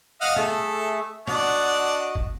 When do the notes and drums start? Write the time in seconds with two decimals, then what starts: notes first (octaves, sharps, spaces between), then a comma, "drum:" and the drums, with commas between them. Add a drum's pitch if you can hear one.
0.21 D#5 F5 F#5
0.36 A3 G#4 A4 E5, drum: snare
1.28 D4 F#4 D5 D#5 F#5, drum: snare
2.15 drum: kick G1